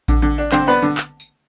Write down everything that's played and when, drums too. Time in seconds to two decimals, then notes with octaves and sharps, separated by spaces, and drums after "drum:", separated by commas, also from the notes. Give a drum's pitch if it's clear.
0.08 D3, drum: kick A1, tambourine
0.22 D3
0.38 D4
0.52 D3 C4 C5, drum: clap
0.67 B3 D4 B4
0.82 D3
0.97 drum: clap
1.20 drum: tambourine